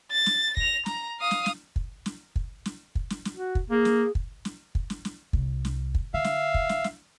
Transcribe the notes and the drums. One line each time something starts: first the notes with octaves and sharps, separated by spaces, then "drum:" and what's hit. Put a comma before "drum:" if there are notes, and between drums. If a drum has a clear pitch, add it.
A6
drum: snare
A#6 F7, drum: kick
A#5, drum: snare
F5 D#6
drum: snare
drum: snare
drum: kick
drum: snare
drum: kick
drum: snare
drum: kick
drum: snare
drum: snare
F#4
drum: kick
A#3 G#4
drum: snare
drum: kick
drum: snare
drum: kick
drum: snare
drum: snare
C2, drum: kick
drum: snare
drum: kick
D3 E5 F5
drum: snare
drum: kick
drum: snare
drum: snare